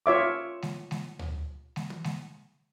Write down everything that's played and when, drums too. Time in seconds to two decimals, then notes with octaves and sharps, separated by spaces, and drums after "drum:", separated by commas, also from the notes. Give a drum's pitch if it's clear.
0.06 F4 C#5 E5 D6
0.62 drum: snare
0.91 drum: snare
1.19 drum: tom D2
1.76 drum: snare
1.90 drum: tom
2.04 drum: snare